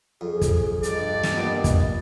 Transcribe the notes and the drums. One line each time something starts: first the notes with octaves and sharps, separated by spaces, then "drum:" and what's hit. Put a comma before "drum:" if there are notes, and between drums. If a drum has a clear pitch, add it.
F2 G#4
drum: kick, hi-hat
G2 D5 D#5, drum: hi-hat
drum: snare
A#2 B3
drum: kick, hi-hat